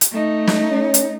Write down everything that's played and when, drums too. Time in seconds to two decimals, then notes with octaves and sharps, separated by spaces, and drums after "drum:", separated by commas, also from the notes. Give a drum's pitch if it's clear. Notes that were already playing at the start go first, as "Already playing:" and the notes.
0.01 drum: hi-hat
0.12 A3 D#4
0.47 drum: snare
0.71 C#4
0.94 drum: hi-hat